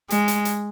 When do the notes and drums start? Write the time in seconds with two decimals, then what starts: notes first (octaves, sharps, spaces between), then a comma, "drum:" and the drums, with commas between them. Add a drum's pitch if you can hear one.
0.10 G#3, drum: hi-hat
0.28 drum: hi-hat
0.45 drum: hi-hat